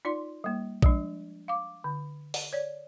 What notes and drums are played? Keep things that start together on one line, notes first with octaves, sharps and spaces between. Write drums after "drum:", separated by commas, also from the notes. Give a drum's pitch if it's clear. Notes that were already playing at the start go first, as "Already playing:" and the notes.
D#4 F4 D5 C6
G3 A#3
F3 G#3 D4, drum: kick A#1
F5 D6
D3
drum: open hi-hat
C#5 D5